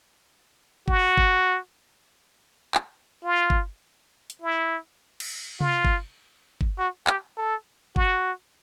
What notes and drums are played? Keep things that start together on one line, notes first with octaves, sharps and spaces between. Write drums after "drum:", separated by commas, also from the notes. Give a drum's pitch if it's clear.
F#4, drum: kick G1
drum: kick G1
drum: clap
F4
drum: kick G1
drum: hi-hat
E4
drum: cymbal
F4, drum: tom C3
drum: kick G1
drum: kick G1
F#4
G4, drum: clap
A4
F#4, drum: kick G1